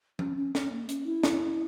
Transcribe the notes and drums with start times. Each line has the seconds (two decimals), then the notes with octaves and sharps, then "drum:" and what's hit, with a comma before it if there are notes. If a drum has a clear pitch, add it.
0.19 C#4, drum: tom F3
0.37 C#4
0.55 C#4, drum: snare
0.71 A#3
0.89 C#4, drum: hi-hat
1.06 E4
1.23 drum: snare